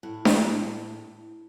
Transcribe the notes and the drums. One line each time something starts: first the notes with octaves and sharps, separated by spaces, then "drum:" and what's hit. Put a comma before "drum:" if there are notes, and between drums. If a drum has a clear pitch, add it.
A2
drum: snare D4